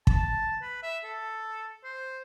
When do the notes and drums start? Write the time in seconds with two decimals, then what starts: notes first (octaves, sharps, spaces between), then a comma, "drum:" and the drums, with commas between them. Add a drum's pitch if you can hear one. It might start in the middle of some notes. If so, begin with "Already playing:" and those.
0.07 A5, drum: kick
0.62 B4
0.83 E5
1.04 A4
1.84 C5